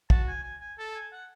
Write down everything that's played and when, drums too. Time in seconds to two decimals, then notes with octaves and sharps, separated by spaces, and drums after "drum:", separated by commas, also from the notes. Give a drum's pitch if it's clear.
0.10 F#4 A5, drum: kick
0.28 G#5
0.44 G#5
0.61 G#5
0.79 A4 A5
0.95 G#5
1.12 F#5